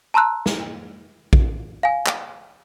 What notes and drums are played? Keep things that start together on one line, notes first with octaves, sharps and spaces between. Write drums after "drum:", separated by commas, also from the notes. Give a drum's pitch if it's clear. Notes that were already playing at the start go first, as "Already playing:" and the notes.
A5 A#5 C6 E6 F#6
drum: snare
drum: kick A#1
F5 G#5
drum: clap